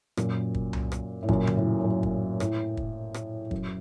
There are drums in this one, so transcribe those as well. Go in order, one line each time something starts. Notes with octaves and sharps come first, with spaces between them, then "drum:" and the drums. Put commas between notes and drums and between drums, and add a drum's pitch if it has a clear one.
F#2 A#2, drum: rim click
drum: kick
drum: tom C2
drum: rim click
A2
F#2 A#2, drum: kick
drum: tom C#3
A2
A2
F#2
drum: kick
A2, drum: rim click
drum: kick
drum: rim click
F#2, drum: kick